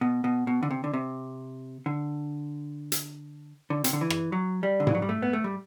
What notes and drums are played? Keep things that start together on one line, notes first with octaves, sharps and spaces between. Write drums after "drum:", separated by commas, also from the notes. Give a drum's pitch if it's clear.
B2
B2
B2
D3
C3
D3
C3
D3
drum: hi-hat
D3
C3, drum: hi-hat
D3
E3
drum: rim click
F#3
G3
D3
E3, drum: tom G#2
F#3
G3
A3
B3
A3
G3